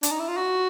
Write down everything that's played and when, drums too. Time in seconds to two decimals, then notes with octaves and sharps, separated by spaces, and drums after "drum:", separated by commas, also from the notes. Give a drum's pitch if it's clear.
0.03 D4, drum: hi-hat
0.11 D#4
0.20 E4
0.28 F4
0.37 F#4